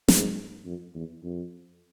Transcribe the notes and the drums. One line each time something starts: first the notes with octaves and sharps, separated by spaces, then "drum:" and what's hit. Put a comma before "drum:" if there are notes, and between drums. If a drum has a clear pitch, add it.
G#2, drum: snare
F2
E2
F2